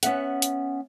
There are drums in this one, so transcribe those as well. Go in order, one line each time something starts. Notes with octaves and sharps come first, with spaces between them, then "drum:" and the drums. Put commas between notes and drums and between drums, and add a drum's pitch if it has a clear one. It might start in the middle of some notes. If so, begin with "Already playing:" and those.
B3 C#4 E5 F#5, drum: hi-hat
drum: hi-hat